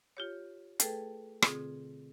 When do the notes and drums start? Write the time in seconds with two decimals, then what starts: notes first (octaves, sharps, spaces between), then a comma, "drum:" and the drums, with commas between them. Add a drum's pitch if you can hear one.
0.17 F4 G4 C#5
0.80 A3 G#4 A4 B4 G5, drum: hi-hat
1.42 B2 D3 C4 F4 G#4, drum: rim click